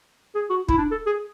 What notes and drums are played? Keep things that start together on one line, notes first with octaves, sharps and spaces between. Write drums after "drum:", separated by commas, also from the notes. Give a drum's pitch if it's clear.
G#4
F#4
E4, drum: kick
D4
A4
G#4